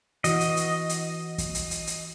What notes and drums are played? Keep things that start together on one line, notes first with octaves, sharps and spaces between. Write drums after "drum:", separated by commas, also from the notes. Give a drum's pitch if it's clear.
E3 F#4 D#5, drum: hi-hat
drum: hi-hat
drum: hi-hat
drum: hi-hat
drum: kick, hi-hat
drum: hi-hat
drum: hi-hat
drum: hi-hat